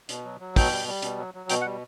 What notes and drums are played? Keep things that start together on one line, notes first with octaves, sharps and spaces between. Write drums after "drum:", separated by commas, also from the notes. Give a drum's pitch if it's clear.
B2, drum: hi-hat
F#3
F#3
B2 G5, drum: kick, open hi-hat
G3
G3
B2, drum: hi-hat
F#3
F#3
B2 G5, drum: hi-hat
F#5
G3